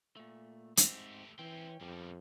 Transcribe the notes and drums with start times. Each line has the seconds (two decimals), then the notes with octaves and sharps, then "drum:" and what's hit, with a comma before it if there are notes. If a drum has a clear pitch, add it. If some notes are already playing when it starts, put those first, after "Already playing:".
0.17 A#2 A3
0.77 G#2 A3 C4 G4, drum: hi-hat
1.39 E3 C4 C#4 G5
1.81 F2 B2 G3